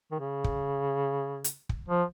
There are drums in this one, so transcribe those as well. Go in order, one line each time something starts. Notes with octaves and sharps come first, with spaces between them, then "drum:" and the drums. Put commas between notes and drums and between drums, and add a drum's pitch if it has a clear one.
D#3
C#3
drum: kick
drum: hi-hat
drum: kick
F3